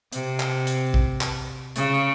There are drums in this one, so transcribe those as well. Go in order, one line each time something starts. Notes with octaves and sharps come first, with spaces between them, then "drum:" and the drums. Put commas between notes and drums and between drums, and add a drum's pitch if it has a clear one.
C3, drum: hi-hat
drum: clap
drum: hi-hat
drum: kick A#1
drum: clap
C#3, drum: hi-hat